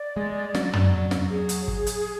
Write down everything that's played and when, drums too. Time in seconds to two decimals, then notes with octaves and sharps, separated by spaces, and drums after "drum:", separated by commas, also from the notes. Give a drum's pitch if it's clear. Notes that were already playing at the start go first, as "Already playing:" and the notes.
Already playing: D5
0.17 G#3
0.55 F#3, drum: snare
0.73 drum: tom
1.11 drum: snare
1.30 G#4
1.49 drum: hi-hat
1.68 drum: kick
1.87 drum: hi-hat